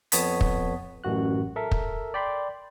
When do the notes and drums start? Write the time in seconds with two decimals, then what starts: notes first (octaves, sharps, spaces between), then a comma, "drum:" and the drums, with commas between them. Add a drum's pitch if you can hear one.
0.12 F2 B3 C#5 A5 D#6 B6, drum: hi-hat
0.41 drum: kick
1.04 A1 F#2 F#4 F#6
1.56 A4 A#4 E5
1.71 drum: kick
2.14 D5 G5 B5 C6